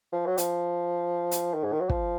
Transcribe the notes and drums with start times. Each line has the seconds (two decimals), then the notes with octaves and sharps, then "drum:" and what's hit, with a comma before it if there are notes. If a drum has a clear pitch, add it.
0.12 F3
0.26 F#3
0.38 F3, drum: hi-hat
1.31 drum: hi-hat
1.54 D#3
1.64 G#2
1.72 D#3
1.80 F#3
1.89 F3, drum: kick